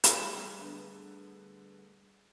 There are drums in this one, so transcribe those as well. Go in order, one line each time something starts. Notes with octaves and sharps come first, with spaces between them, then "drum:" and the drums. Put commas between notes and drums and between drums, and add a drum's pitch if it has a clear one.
drum: hi-hat
G3 A3 G#4
D3 B3